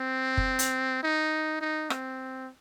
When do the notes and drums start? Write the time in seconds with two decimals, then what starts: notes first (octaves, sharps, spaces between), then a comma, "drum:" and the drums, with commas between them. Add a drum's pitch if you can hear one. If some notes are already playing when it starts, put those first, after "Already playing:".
Already playing: C4
0.37 drum: kick
0.59 drum: hi-hat
1.03 D#4
1.61 D#4
1.90 C4, drum: rim click